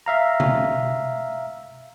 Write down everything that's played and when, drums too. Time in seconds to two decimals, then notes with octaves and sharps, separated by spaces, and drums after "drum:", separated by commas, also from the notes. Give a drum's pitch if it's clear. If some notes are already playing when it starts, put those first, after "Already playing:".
0.06 E5 F5 A#5
0.40 drum: tom B2